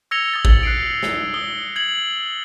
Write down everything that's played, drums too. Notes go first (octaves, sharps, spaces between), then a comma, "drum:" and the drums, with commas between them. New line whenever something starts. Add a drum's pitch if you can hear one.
E6 G#6 A#6 C#7 F7 G7
D#6 G#6 A6
drum: kick A1
F#6 C7 D7
drum: snare
D#6 G7
G#6 F#7